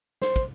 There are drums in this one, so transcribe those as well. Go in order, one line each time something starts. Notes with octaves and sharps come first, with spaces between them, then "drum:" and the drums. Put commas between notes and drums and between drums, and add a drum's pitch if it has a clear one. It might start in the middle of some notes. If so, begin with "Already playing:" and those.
C5, drum: snare
drum: kick, hi-hat